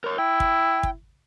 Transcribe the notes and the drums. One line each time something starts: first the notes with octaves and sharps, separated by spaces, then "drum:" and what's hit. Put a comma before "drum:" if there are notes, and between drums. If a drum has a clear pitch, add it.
A#4 C#5
E4 G5
drum: kick
drum: kick